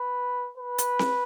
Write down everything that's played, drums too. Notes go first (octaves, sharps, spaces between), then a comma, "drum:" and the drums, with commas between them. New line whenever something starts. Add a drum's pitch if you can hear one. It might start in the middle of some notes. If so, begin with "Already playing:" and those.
Already playing: B4
B4
drum: hi-hat
drum: snare C4